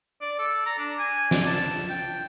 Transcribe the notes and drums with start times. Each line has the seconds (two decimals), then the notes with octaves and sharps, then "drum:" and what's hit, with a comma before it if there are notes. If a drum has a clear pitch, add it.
0.21 D5
0.39 A4
0.66 A#5
0.78 D4
0.99 G#5
1.31 D5, drum: snare
1.46 A5
1.90 G5